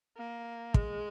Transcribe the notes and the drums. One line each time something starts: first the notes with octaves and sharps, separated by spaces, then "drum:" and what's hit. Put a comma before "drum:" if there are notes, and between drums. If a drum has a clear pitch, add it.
A#3
G#3, drum: kick